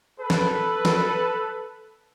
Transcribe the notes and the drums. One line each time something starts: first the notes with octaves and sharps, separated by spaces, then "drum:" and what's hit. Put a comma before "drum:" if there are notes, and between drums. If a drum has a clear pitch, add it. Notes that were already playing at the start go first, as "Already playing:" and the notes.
A4 B4
drum: snare
drum: snare